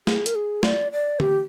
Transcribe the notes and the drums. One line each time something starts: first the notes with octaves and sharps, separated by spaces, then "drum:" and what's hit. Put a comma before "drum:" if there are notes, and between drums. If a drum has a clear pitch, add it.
G#4, drum: snare
A#4, drum: hi-hat
G#4
D5, drum: snare
D5
G4, drum: tom D3